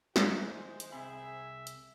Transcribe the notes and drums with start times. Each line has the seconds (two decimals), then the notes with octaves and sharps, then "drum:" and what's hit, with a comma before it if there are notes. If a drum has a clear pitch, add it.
0.16 D#3 G#3 E4 C5, drum: snare
0.80 drum: hi-hat
0.92 C2 C4 G#4 E5 B5
1.67 drum: hi-hat